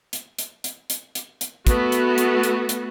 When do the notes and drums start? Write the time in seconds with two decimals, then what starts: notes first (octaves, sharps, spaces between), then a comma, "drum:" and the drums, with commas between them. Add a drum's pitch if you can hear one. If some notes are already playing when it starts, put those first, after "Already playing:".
0.13 drum: hi-hat
0.39 drum: hi-hat
0.64 drum: hi-hat
0.90 drum: hi-hat
1.15 drum: hi-hat
1.41 drum: hi-hat
1.67 A3 B3 F#4, drum: kick, hi-hat
1.92 drum: hi-hat
2.18 drum: hi-hat
2.43 drum: hi-hat
2.69 drum: hi-hat